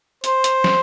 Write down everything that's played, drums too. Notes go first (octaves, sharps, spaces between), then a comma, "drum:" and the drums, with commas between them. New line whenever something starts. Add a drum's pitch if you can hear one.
C5, drum: hi-hat
drum: hi-hat
drum: snare